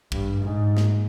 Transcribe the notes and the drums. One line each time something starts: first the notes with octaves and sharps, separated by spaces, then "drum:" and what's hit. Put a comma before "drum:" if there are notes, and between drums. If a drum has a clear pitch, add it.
G2, drum: kick
G#2
drum: snare